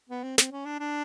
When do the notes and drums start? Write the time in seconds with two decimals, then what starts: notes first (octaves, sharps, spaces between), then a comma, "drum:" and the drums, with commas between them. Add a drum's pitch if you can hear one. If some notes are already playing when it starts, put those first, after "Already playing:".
0.09 B3
0.23 C4
0.38 C4, drum: snare
0.51 C#4
0.66 D4
0.80 D4